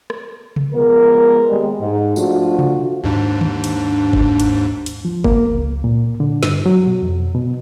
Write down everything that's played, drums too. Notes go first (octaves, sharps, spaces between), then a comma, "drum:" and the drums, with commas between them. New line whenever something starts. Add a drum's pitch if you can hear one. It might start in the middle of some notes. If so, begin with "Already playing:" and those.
drum: rim click
drum: tom C3
F3 G#3 B3 A#4
D#2 G3 G#3
G#2
F3 A3 D4 F4 F#4, drum: tambourine
drum: tom C3
D#2 G#2 D4
drum: tom D3
drum: hi-hat
drum: kick G1
drum: hi-hat
drum: hi-hat
F3
A#3, drum: kick G1
C#2
A#2
D3
G2, drum: snare
F#3
B2
F2
B2